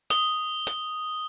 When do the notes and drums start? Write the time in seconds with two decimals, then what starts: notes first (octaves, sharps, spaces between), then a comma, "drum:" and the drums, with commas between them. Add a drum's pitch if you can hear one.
0.10 D#6 G7, drum: hi-hat
0.67 drum: hi-hat